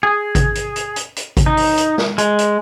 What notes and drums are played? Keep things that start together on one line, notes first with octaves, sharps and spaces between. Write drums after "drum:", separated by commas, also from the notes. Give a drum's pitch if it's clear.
G#4
drum: kick G#1, hi-hat
drum: hi-hat
drum: hi-hat
drum: hi-hat
drum: hi-hat
drum: kick G#1, hi-hat
D#4
drum: open hi-hat
drum: hi-hat
drum: snare
G#3, drum: hi-hat
drum: hi-hat